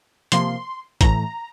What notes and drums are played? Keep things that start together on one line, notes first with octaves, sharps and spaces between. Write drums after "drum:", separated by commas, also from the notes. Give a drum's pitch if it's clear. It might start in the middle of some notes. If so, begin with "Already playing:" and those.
C3 F3 A#3 C6, drum: hi-hat
A2 E3 A3 A#5, drum: kick A1, hi-hat